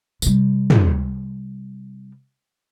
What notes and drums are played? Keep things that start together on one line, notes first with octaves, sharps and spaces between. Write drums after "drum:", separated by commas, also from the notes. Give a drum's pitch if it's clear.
C3 G3, drum: tambourine
drum: tom